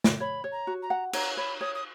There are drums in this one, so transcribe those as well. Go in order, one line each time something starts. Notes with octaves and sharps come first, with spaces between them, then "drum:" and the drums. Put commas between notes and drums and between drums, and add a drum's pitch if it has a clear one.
drum: snare
C#5 B5
C#5
A#5
F#4
A#5
F#5
C#5 A#5, drum: cymbal
C#5 B5
C#5 D#6
D#6